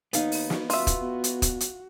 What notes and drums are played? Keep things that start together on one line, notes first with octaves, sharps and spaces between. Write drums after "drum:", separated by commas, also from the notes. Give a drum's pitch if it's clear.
D#2 B3 D#4 F5, drum: hi-hat
drum: open hi-hat
drum: snare
D#1 F4 F#4 E5, drum: open hi-hat
drum: kick, hi-hat
B2
drum: hi-hat
drum: kick, hi-hat
drum: hi-hat